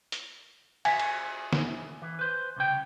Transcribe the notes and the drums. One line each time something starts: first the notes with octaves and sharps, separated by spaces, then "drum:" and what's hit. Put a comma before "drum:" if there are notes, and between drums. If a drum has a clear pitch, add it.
drum: hi-hat
E5 G#5, drum: cymbal
drum: cymbal
drum: snare
E3
B4 C5
C2 C#3 G5